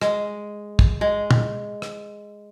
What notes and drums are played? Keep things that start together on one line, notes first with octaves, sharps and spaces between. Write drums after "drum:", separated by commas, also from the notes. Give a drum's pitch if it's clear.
G#3, drum: rim click
drum: kick
G#3
drum: tom
drum: rim click